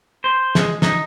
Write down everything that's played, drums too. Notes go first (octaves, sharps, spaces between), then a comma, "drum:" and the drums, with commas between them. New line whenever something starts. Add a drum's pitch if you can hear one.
C5
G#3, drum: snare
D#4, drum: snare